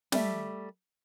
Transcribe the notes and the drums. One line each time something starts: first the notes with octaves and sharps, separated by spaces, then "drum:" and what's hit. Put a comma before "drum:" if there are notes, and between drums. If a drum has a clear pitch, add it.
G3 A3 E5, drum: snare